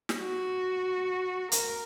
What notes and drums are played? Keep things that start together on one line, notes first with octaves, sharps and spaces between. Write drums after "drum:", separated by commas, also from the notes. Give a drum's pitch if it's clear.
drum: snare
F#4
A#4, drum: hi-hat